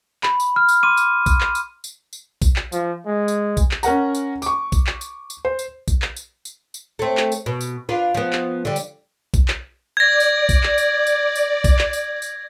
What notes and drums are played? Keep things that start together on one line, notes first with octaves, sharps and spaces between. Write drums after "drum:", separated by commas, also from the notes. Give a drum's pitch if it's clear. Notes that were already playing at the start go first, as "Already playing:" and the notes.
B5, drum: clap
drum: tambourine
F6
drum: tambourine
C6 D6 D#7
drum: tambourine
drum: kick, tambourine
drum: clap
drum: tambourine
drum: tambourine
drum: tambourine
drum: kick, tambourine
drum: clap
F3, drum: tambourine
G#3
drum: tambourine
drum: kick, tambourine
drum: clap
C#4 A#4 F#5 A#5, drum: tambourine
drum: tambourine
C#6 D6, drum: tambourine
drum: kick, tambourine
drum: clap
drum: tambourine
drum: tambourine
C5
drum: tambourine
drum: kick, tambourine
drum: clap
drum: tambourine
drum: tambourine
drum: tambourine
A3 C4
drum: clap
drum: tambourine
B2
drum: tambourine
D4 F4 B4
F3 B3
drum: clap
D3 G3
drum: tambourine
drum: kick, tambourine
drum: clap
D5 G#6 A#6
drum: tambourine
drum: kick, tambourine
drum: clap
drum: tambourine
drum: tambourine
drum: tambourine
drum: kick, tambourine
drum: clap
drum: tambourine
drum: tambourine